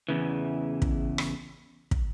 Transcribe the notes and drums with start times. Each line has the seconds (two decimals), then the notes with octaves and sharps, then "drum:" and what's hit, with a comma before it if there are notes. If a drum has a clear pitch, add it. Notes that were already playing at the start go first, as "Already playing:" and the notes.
0.09 E2 C#3 E3
0.82 drum: kick
1.18 drum: rim click
1.91 drum: kick